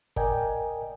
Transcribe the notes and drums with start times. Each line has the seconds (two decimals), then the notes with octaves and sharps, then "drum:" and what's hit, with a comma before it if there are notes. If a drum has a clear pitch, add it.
0.16 A#4 D5 D#5 G5 G#5, drum: kick G1